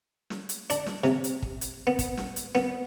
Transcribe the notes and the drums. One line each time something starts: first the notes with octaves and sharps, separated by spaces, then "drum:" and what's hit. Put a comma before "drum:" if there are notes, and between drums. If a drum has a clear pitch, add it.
drum: snare
drum: hi-hat
D4, drum: hi-hat
drum: snare
C3, drum: snare
drum: hi-hat
drum: kick
drum: hi-hat
B3
drum: kick, hi-hat
drum: snare
drum: hi-hat
B3, drum: snare